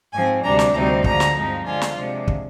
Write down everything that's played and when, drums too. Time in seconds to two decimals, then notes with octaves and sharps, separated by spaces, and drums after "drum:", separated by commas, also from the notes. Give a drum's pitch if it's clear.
0.12 G#2 F3 C4 G#5
0.43 D2 C3 G3 D4 A#5
0.59 drum: snare
0.74 D2 C3 G3 C4 D#4 A#5
1.04 D3 F3 G#3 A#5, drum: kick
1.20 drum: snare
1.35 G2 F3 G#3 C4 D#4
1.66 D3 F3 G#3 D4 F4 G#5
1.81 drum: snare
1.97 C3 F3 G#3 D4
2.28 drum: kick